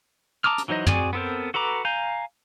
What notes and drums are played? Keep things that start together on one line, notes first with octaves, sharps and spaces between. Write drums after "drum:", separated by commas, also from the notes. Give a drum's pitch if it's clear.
A5 A#5 D6 D#6 F6
drum: hi-hat
E3 F#3 D#4 C5 D#5
C4 F#4 G#4 D5 G#5, drum: tom
B3 C4 A4 A#4 C5
F#4 A4 B4 A#5 D6
F5 G#5 A#5 G6